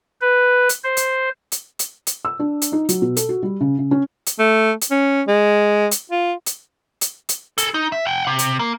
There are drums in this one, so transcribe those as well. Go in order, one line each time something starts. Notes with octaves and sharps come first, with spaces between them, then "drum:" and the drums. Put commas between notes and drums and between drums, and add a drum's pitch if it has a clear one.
B4
drum: hi-hat
C5
drum: hi-hat
drum: hi-hat
drum: hi-hat
drum: hi-hat
E6
D4
drum: hi-hat
D#4
F#3, drum: hi-hat
B2
A4, drum: hi-hat
F#4
G3
C#3
C#3
C#4
drum: hi-hat
A3
drum: hi-hat
C#4
G#3
drum: hi-hat
F4
drum: hi-hat
drum: hi-hat
drum: hi-hat
G#4 A4, drum: hi-hat
D#4
E5
F#5 G5
C3
drum: hi-hat
A#3